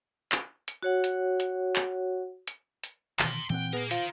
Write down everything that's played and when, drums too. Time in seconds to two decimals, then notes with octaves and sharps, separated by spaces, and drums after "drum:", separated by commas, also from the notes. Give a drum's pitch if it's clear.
0.32 drum: clap
0.68 drum: hi-hat
0.83 F#4 C#5 F#5
1.04 drum: hi-hat
1.40 drum: hi-hat
1.76 drum: clap
2.48 drum: hi-hat
2.83 drum: hi-hat
3.19 B2 D#3 E3 A#5 C6, drum: clap
3.50 A#2 E3 C4 F#5 G5
3.73 B3 G#4 A#4 F5
3.91 F4 A#4 C5 G5, drum: hi-hat